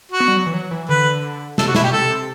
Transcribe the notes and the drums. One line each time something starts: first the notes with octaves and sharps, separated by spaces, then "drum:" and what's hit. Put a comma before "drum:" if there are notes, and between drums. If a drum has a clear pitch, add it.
F#4
B3
G3
F#3
E3
F#3
E3
D3 B4
C3 A4, drum: snare
F#4
B2 E4, drum: snare
G4
C3 A4
C3